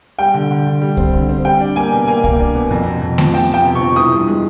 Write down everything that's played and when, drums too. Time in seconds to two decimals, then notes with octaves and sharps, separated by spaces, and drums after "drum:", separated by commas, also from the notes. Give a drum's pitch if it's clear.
0.19 G3 G5
0.34 D3
0.51 D3
0.66 D3
0.82 G3
0.97 C4, drum: kick C2
1.13 D3
1.29 C4
1.45 G3 G5
1.60 D4
1.76 A#3 G#5
1.92 B2
2.07 A#3 G#5
2.24 A#3, drum: kick C2
2.39 D4
2.55 B2
2.71 F2
2.86 C3
3.02 F2
3.18 F3, drum: snare A3
3.34 F3 G5, drum: open hi-hat
3.50 F3 G5
3.65 C3
3.75 C#6
3.81 F3
3.96 E3 D#6
4.12 G2
4.28 G#3